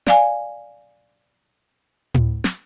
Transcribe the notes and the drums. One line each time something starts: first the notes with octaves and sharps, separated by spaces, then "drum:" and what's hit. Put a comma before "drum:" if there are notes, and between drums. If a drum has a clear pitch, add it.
D5 F5 G#5, drum: snare
drum: tom A2
drum: snare